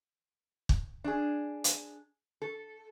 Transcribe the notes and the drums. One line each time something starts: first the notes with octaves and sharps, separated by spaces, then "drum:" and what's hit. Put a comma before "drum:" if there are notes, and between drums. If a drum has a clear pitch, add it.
drum: kick
D4 G#4
drum: hi-hat
A4